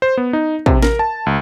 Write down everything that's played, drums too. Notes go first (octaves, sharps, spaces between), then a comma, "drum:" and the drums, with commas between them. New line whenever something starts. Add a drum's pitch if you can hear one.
C5
B3
D#4
C3, drum: kick
A#4, drum: snare C#4
A5
C#2